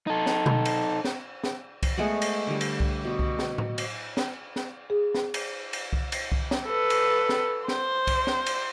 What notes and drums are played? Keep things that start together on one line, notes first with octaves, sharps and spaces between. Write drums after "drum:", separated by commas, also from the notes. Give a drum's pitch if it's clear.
D#4 A4
drum: snare
drum: tom B2
drum: cymbal
drum: snare
drum: snare
drum: kick C2, cymbal
G#3 A3 B3 F#5
drum: cymbal
D3 G3
drum: cymbal
drum: kick C2
B2
drum: kick C2
drum: snare
drum: tom A2
drum: cymbal
drum: snare
drum: snare
G#4
drum: snare
drum: cymbal
drum: cymbal
drum: kick C2
drum: cymbal
drum: kick C2
drum: snare
A4 B4
drum: cymbal
drum: snare
C5, drum: snare
drum: kick C2, cymbal
drum: snare
drum: cymbal